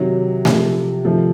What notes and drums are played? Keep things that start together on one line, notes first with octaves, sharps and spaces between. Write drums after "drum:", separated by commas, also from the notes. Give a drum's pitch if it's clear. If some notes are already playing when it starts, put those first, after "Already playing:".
Already playing: C3 D#3 F#3
C3 F3, drum: snare A3
C3 D#3 F3 A3